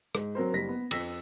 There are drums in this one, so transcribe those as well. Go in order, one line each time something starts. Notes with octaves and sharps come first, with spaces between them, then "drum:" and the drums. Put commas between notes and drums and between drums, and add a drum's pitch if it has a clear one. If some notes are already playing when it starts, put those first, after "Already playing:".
G#2, drum: rim click
F#3 C4 A#4 C5
F#1 G3 A#6 B6
B3
F2 E6 A#6 B6, drum: cymbal